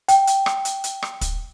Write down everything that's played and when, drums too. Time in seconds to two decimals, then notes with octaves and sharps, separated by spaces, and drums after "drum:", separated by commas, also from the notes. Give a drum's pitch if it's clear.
0.08 G5, drum: hi-hat
0.27 drum: hi-hat
0.46 drum: rim click
0.65 drum: hi-hat
0.84 drum: hi-hat
1.03 drum: rim click
1.21 drum: kick, hi-hat